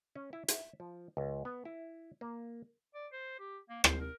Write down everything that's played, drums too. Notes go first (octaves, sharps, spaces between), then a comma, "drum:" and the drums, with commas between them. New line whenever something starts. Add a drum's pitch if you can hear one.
C#4
E4
E5, drum: hi-hat
F3
C#2
B3
E4
A#3
D5
C5
G4
A#3
C5, drum: rim click
A#4